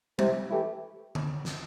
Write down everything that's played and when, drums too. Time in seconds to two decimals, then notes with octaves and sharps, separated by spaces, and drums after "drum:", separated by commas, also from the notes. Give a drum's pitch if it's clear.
0.19 C3, drum: tom G3
0.50 E3 A3 E4 G4
1.15 drum: tom D3
1.45 drum: snare